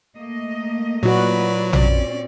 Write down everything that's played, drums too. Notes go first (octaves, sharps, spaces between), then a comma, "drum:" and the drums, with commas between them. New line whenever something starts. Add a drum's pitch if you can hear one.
A3 A#3 D#5
A#2 F#3 E4 F#4 B4 D5
C4 C#4 D5, drum: tom A#1